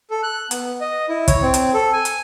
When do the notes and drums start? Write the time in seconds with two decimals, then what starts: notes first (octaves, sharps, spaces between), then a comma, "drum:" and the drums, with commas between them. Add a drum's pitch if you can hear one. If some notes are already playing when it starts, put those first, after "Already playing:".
0.11 A4
0.23 F#6
0.51 B3, drum: hi-hat
0.81 D#5
1.09 E4
1.28 C#5, drum: kick, hi-hat
1.42 C4
1.54 drum: hi-hat
1.74 A4
1.93 G#5
2.05 drum: hi-hat